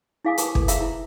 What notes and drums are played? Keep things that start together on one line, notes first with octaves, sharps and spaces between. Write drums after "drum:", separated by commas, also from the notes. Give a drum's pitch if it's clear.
E4 G#4 F5 G#5 D6 D#6
G4 A#4 B4 A5 D6, drum: hi-hat
A4, drum: kick
G#4 E5 F5 A#5 B5 E6, drum: hi-hat
E4 A#5